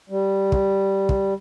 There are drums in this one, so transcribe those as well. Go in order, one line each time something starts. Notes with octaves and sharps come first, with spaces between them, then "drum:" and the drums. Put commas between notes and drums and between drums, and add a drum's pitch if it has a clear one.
G3
drum: kick
drum: kick